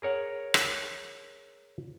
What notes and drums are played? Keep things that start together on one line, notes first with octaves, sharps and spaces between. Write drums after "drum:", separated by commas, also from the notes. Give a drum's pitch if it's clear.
G#4 A#4 C#5 F#5
drum: rim click